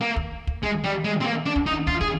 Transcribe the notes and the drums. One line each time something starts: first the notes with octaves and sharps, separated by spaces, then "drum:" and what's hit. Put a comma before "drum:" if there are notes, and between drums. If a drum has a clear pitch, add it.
A#3
drum: kick
drum: kick
G#3
G3
G#3
C4
A#3
D4
drum: kick
D#4
F4, drum: kick
G#4, drum: kick